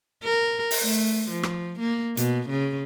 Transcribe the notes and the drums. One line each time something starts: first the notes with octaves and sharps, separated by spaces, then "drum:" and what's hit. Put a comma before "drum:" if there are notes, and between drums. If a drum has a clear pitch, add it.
A#4
drum: open hi-hat
A3
F3
drum: rim click
A#3
B2, drum: hi-hat
C#3